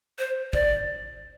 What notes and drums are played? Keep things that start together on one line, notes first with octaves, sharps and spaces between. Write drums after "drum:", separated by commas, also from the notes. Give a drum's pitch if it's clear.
C5
D5, drum: kick